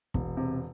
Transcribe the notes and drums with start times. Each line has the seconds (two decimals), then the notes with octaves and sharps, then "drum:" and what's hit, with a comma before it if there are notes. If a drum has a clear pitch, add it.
0.14 E1, drum: kick
0.37 C3